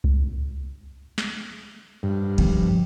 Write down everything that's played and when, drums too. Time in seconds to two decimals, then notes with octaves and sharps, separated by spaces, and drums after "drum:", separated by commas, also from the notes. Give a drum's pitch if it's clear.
0.04 drum: kick C2
1.18 drum: snare
2.03 G2
2.38 D3 F3, drum: cymbal